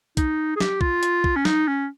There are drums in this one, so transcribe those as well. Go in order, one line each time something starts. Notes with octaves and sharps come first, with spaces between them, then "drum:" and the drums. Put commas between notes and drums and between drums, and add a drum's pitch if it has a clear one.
D#4, drum: kick, hi-hat
G#4
G4, drum: snare
F4, drum: kick
drum: hi-hat
drum: kick
C#4
D#4, drum: snare
C#4